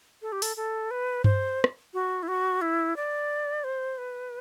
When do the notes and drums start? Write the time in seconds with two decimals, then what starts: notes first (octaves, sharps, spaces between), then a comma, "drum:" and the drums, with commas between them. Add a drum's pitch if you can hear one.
0.22 A4
0.32 G4
0.42 A4, drum: open hi-hat
0.57 A4
0.91 B4
1.24 C5, drum: tom G2
1.64 drum: rim click
1.94 F#4
2.23 E4
2.28 F#4
2.61 E4
2.96 D5
3.64 C5
3.98 B4